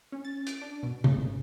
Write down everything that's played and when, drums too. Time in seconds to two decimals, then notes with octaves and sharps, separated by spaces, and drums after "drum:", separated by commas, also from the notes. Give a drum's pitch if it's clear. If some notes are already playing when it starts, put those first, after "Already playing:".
0.12 C#4
0.25 A6
0.47 D7, drum: hi-hat
0.62 D4
0.83 B2
1.04 C#3, drum: tom C3
1.17 G#1